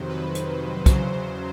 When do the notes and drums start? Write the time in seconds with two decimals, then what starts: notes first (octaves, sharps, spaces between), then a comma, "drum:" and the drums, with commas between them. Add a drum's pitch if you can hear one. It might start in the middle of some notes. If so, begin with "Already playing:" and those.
Already playing: F2 C3 D#3 F#3 C5
0.09 B4
0.35 drum: hi-hat
0.86 E2 C#3 F#3 C5, drum: kick, hi-hat